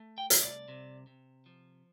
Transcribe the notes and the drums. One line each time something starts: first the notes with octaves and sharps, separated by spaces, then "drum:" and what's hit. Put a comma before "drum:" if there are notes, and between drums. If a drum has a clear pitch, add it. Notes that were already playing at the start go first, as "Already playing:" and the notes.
Already playing: A3
G5
C2, drum: hi-hat
D5
C3
C3
F3